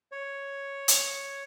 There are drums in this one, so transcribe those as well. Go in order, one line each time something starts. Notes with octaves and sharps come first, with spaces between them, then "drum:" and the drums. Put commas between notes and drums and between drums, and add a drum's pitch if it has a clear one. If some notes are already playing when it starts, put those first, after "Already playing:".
C#5
drum: hi-hat